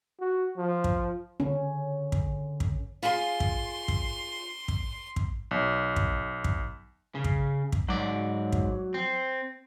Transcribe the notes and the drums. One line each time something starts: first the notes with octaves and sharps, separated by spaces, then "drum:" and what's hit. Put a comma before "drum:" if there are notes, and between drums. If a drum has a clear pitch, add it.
F#4
F3
drum: kick
D3 C#4
drum: kick
drum: kick
F4 G#4 C6
drum: kick
drum: kick
drum: kick
drum: kick
B1
drum: kick
drum: kick
C#3
drum: kick
drum: kick
G#2 F#3 D5
drum: kick
C4